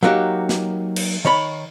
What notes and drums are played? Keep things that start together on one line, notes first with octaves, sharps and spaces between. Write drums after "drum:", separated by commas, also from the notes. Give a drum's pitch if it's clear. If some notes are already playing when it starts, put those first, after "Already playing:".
F#3 A#3 B3 D#4 F#4 G4
drum: snare
drum: cymbal
D#3 C#5 B5